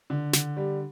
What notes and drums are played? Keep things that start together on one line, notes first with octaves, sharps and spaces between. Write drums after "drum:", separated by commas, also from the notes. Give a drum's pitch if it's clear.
D3
D3, drum: snare
G3